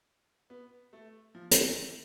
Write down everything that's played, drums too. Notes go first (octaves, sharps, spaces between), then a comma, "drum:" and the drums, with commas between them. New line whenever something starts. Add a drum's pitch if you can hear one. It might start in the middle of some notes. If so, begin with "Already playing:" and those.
B3
A3
F3
D3, drum: hi-hat
E3